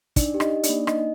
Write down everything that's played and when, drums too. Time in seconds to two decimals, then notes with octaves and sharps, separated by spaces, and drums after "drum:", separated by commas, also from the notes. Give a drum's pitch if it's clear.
0.16 D4 D#4 D5, drum: kick, hi-hat
0.34 G4
0.40 D#4 D#5, drum: rim click
0.52 D#4
0.63 D4 D5, drum: hi-hat
0.69 A#3
0.87 D#4 D#5, drum: rim click